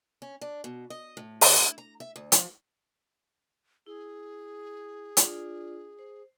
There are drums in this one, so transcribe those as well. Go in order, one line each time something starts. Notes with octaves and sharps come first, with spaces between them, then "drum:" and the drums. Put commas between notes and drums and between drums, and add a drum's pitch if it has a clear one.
C#4
D4
B2
D#5
A2
D3, drum: open hi-hat
E4
A#5
E5
D2
F3, drum: hi-hat
E4 G#4
D4 F4 D5, drum: hi-hat
C5